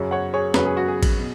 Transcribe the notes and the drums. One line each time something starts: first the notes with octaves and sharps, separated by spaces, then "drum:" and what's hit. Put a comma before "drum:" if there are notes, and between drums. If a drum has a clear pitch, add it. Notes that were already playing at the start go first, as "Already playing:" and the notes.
Already playing: F#2 C#3 F#3 C#4
C#5 F#5
G#4 C#5
F#2 C#3 F#3 C#4 B4, drum: snare
G#4
F#4
G#4
drum: kick A1, cymbal
B2